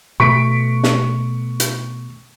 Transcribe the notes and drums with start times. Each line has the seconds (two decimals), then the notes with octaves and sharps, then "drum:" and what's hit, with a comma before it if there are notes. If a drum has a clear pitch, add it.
0.20 B2 A3 C#6 B6 D7
0.84 drum: snare
1.60 drum: hi-hat